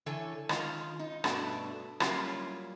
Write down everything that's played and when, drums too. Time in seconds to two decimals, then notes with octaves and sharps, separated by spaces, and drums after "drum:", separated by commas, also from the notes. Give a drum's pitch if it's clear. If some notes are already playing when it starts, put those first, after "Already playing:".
0.06 D3 E3 A4 C#5 G#5
0.49 D#3 G#3 F4, drum: rim click
0.99 D#4
1.24 G2 B2 A3 D4 F#4, drum: rim click
2.00 F#3 G3 A#3 C#4 E4 F4, drum: rim click